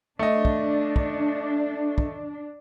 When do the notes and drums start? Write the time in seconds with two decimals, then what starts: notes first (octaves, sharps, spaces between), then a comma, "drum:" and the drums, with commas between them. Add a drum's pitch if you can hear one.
0.19 A3 D4 D#5
0.45 drum: kick
0.96 drum: kick
1.98 drum: kick